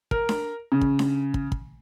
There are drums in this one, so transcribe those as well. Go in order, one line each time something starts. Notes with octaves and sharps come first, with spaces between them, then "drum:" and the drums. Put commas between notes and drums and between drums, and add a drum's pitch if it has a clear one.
A#4, drum: kick
drum: snare D4
C#3
drum: kick
drum: snare D4
drum: kick
drum: kick